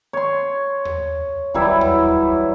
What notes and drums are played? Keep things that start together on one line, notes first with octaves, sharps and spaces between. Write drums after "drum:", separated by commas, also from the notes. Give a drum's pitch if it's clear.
C#5 C6
drum: tom D#2
E3 F#3 G3 E4, drum: kick C#2
drum: tom D#2
drum: kick C#2